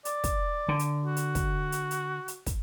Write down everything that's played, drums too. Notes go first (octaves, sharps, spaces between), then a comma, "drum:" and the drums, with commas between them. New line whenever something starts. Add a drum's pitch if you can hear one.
D5, drum: hi-hat
drum: kick, hi-hat
D3
drum: hi-hat
F#4
drum: hi-hat
drum: kick, hi-hat
drum: hi-hat
drum: hi-hat
drum: hi-hat
drum: kick, hi-hat